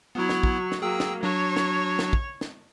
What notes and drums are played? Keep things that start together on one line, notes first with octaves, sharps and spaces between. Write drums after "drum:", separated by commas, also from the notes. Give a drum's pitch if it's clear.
F#3 B3 E4 C#5
drum: snare
drum: kick
drum: snare
F#3 A#3 G#4 G5 E6
drum: snare
F#3 D4 F#4 C#5
drum: snare
drum: snare
drum: kick
drum: snare